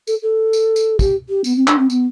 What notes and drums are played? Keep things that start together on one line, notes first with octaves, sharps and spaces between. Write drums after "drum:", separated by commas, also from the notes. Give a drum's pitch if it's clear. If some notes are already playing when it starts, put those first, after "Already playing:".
A4, drum: tambourine
A4
drum: tambourine
drum: tambourine
G4, drum: kick, tambourine
G4
B3, drum: tambourine
C4
D4, drum: clap
C4
B3, drum: tambourine